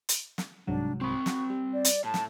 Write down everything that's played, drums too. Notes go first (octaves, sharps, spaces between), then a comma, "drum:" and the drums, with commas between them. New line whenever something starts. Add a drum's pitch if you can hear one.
drum: hi-hat
drum: snare
C2 G#2 F#3 D4
C4 B5 C#6
F#4, drum: snare
G3
D5
drum: hi-hat
A2 A5
drum: snare